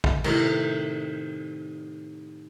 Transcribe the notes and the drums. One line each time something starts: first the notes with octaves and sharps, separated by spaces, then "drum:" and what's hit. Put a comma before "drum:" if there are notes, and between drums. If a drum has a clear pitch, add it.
drum: kick
A2 C3 D#3, drum: cymbal